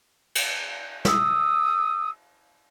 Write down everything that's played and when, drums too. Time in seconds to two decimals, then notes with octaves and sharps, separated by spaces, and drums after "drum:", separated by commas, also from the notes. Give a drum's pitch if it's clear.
0.35 drum: cymbal
1.05 D#6 E6, drum: snare